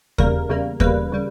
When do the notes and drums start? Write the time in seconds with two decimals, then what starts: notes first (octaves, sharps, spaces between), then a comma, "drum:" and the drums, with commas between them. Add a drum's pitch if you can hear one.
0.18 E2 C#3 G3 A#3 A#4, drum: kick
0.49 E2 C#3 G3 A#3
0.80 E2 C#3 G3 A#3 B4, drum: kick
1.12 C#3 G3